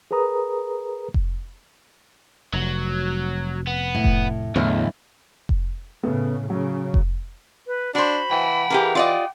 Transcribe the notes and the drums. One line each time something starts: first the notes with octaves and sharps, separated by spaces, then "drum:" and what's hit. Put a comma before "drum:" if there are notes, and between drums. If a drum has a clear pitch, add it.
G#4 A#4 B4 A#5 D#6
drum: kick F1
F1 F#3
B3
A2
drum: kick F1
B1 E2 A2 D3 E3
drum: kick F1
A2 C#3 A3 B3
C#3 F#3
drum: kick F1
B4
D4 F#4 C5 B5
E3 F#5 G5
E3 G4 G#4 A#4
F4 D5 D#5